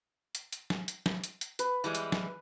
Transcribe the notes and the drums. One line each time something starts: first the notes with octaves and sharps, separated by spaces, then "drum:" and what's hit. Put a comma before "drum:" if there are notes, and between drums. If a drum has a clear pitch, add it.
drum: hi-hat
drum: hi-hat
drum: snare
drum: hi-hat
drum: snare
drum: hi-hat
drum: hi-hat
B4, drum: hi-hat
E3 G3 G#3
drum: hi-hat
drum: snare